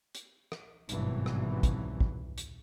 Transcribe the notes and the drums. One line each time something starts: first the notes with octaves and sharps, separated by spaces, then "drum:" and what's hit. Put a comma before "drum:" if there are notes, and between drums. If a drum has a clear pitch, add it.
drum: hi-hat
drum: rim click
G#1 G2 B2 E3 F#3, drum: hi-hat
drum: rim click
drum: kick, hi-hat
drum: kick
drum: hi-hat